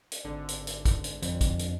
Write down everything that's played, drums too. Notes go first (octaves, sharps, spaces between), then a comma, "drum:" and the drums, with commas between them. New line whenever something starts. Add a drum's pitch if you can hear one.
drum: hi-hat
G#1 D3
drum: hi-hat
drum: hi-hat
drum: kick, hi-hat
drum: hi-hat
F2, drum: hi-hat
drum: kick, hi-hat
drum: hi-hat